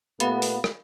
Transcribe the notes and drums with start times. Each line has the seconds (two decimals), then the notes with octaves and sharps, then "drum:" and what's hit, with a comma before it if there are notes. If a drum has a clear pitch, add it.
0.20 A#2 A3 B3 G4 F5 B5, drum: hi-hat
0.42 drum: open hi-hat
0.64 drum: rim click